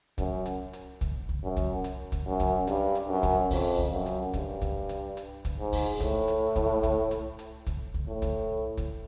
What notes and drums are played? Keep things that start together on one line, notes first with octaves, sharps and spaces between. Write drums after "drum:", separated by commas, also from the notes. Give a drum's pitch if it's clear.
F#2, drum: kick C2, hi-hat
drum: hi-hat
drum: hi-hat
drum: kick C2, hi-hat
drum: kick C2
F#2
drum: kick C2, hi-hat
drum: hi-hat
drum: kick C2, hi-hat
F#2
drum: kick C2, hi-hat
G2, drum: hi-hat
drum: hi-hat
F#2
drum: kick C2, hi-hat
F2, drum: kick C2, open hi-hat
drum: kick C2
F#2
drum: hi-hat
G2, drum: kick C2, hi-hat
drum: kick C2, hi-hat
drum: hi-hat
drum: hi-hat
drum: kick C2, hi-hat
G#2
drum: kick C2, open hi-hat
A2, drum: kick C2, hi-hat
drum: hi-hat
drum: kick C2, hi-hat
drum: kick C2, hi-hat
drum: hi-hat
drum: hi-hat
drum: kick C2, hi-hat
drum: kick C2
A2
drum: kick C2, hi-hat
drum: kick C2, hi-hat